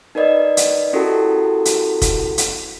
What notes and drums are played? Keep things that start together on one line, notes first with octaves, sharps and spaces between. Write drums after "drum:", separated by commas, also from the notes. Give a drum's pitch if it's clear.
D#4 A#4 B4 D5 D#5
drum: hi-hat
C#4 E4 F#4 G4 A4 A#4
drum: hi-hat
drum: kick, hi-hat
drum: hi-hat